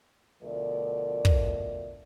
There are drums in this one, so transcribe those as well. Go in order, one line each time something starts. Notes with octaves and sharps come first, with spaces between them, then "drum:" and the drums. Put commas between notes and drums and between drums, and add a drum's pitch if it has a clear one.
D2 B2 F3 A3 A#4 D5
drum: kick